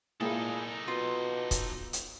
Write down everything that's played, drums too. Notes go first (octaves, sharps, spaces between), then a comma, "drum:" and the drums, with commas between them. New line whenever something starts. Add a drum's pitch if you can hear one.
A#2 G#3 A#3 D#4 E4 G#4 A4
B2 F4
drum: kick, hi-hat
drum: hi-hat